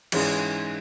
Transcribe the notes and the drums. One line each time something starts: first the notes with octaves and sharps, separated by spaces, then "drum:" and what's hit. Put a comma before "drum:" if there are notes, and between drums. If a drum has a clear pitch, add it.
G#2 E3 G#3 C#4 G#4, drum: cymbal